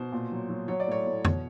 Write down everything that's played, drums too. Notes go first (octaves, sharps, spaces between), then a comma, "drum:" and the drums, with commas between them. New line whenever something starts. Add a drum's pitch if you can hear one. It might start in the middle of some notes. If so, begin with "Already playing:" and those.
Already playing: B2 C5
A#2
F#3
F#3
F#3 C#5
D5
A2 C#5
A2
B2, drum: tom F2